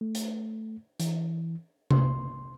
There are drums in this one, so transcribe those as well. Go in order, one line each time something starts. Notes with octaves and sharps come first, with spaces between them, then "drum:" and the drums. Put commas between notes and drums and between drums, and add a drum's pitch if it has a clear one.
A3
drum: hi-hat
E3, drum: hi-hat
C6, drum: tom C3